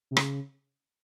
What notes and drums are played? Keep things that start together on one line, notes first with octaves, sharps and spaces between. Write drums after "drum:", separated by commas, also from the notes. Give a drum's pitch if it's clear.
C3
C#3, drum: rim click